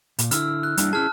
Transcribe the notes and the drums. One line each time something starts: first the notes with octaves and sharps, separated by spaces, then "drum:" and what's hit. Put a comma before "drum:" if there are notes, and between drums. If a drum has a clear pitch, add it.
A#2, drum: hi-hat
D3 E4 E6 F6, drum: hi-hat
F#6
G3 D4 E4, drum: hi-hat
C#4 E4 G#4 A5 F6